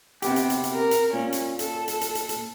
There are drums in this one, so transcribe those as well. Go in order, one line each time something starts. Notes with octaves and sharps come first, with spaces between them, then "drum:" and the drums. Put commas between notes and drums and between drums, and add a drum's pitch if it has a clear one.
C3 B3 G4, drum: hi-hat
drum: hi-hat
drum: hi-hat
drum: hi-hat
A#4
drum: hi-hat
A#2 C#4
drum: hi-hat
A4, drum: hi-hat
drum: hi-hat
drum: hi-hat
drum: hi-hat
drum: hi-hat